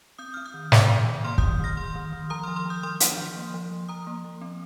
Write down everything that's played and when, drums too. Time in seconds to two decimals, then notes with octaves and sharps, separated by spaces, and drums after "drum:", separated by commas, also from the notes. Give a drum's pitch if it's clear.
0.18 C4 D#6 G6
0.34 C4 F6
0.45 D#6 G6
0.54 D#3
0.72 C4, drum: snare
0.89 D#3
1.07 D#3
1.24 A#3 C6 F6
1.38 D#3 D#6 G6, drum: kick
1.60 D#3 F6 A#6
1.77 D#3 C6 F6
1.96 D#3
2.13 D#3
2.30 F3 A#5 D#6
2.43 F3 C6 F6
2.56 C6 F6
2.66 F3 D#6 G6
2.83 F3 C6 F6
3.00 F3, drum: hi-hat
3.18 F3
3.36 A#3
3.54 F3
3.71 F3
3.89 F3 A#5 D#6
4.07 A#3
4.24 F3
4.41 C4